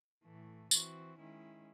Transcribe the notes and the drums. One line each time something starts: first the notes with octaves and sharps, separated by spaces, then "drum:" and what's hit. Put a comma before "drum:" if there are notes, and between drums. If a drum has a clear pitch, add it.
A2 E3 A3
E3 C4 F#4, drum: tambourine
D#3 G#3 C#4 E4